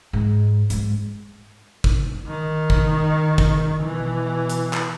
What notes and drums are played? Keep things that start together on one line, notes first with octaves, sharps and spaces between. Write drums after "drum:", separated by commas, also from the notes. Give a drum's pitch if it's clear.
G#2
G#2 G#3, drum: hi-hat
drum: kick
D#3
drum: kick
drum: kick
B2 E3
drum: hi-hat
drum: clap